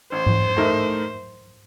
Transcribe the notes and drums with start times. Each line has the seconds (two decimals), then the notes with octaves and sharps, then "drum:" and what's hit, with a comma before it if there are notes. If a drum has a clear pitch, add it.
0.12 A1 C5
0.26 drum: tom G#2
0.57 A2 A3 D#4 A#4